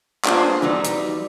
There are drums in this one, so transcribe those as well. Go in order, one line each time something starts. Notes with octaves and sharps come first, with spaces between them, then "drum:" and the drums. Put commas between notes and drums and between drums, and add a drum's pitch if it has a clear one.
A#3 B3 D4 F4 G#4 C5, drum: clap
E3 F#3 G3 D#4
drum: hi-hat